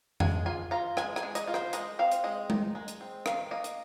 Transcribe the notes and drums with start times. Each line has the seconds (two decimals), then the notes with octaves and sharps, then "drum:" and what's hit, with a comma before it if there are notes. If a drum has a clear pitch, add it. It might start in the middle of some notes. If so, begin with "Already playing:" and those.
0.20 G#3 G#5, drum: tom F2
0.46 F4 G#5
0.71 F4 A#5
0.97 G#3 G#5, drum: rim click
1.16 G#5, drum: rim click
1.23 G#3
1.35 D#5, drum: hi-hat
1.47 F4
1.54 C5, drum: rim click
1.73 G#3 D#5, drum: hi-hat
1.99 C4 F5
2.12 drum: hi-hat
2.24 G#3 D#5
2.50 D#4, drum: tom G#3
2.75 G#3
2.88 drum: hi-hat
3.01 C4
3.26 D#3 F5, drum: rim click
3.51 A#3 D#5
3.64 drum: hi-hat